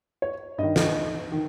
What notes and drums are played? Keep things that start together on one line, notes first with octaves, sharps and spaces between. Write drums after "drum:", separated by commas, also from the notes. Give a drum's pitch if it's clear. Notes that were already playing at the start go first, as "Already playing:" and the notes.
C#5
G2 D#3 D#5
drum: snare
D#3